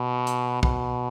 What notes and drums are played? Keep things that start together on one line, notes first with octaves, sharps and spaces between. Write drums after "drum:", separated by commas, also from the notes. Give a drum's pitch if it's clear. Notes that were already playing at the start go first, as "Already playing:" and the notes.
Already playing: B2
drum: hi-hat
B2, drum: kick